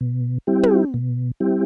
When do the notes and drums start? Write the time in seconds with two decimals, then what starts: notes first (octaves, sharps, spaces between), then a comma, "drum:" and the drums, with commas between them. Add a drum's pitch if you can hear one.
0.01 B2
0.47 G3 C4 E4 G4
0.63 drum: tom
0.94 B2
1.40 G3 C4 E4 G4